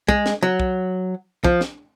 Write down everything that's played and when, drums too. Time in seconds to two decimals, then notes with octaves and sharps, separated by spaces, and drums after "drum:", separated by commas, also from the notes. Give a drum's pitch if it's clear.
0.08 G#3, drum: kick
0.26 drum: snare
0.43 F#3
0.60 drum: kick
1.44 F3, drum: kick
1.61 drum: snare